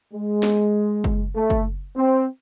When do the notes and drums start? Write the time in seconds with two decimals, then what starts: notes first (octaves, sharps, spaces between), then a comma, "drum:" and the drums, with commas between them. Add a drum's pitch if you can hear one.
0.13 G#3
0.43 drum: snare
1.04 drum: kick F#1
1.35 A3
1.50 drum: kick F#1
1.97 C4